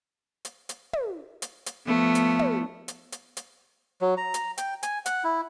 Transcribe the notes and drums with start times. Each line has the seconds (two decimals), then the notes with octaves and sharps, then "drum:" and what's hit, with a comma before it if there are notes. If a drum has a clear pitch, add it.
0.45 drum: hi-hat
0.69 drum: hi-hat
0.93 drum: tom
1.42 drum: hi-hat
1.66 drum: hi-hat
1.85 F3 A3 B3
2.15 drum: hi-hat
2.39 drum: tom
2.88 drum: hi-hat
3.12 drum: hi-hat
3.37 drum: hi-hat
4.01 F#3
4.17 A#5
4.34 drum: hi-hat
4.58 G5, drum: hi-hat
4.83 G#5, drum: hi-hat
5.06 F#5, drum: hi-hat
5.24 E4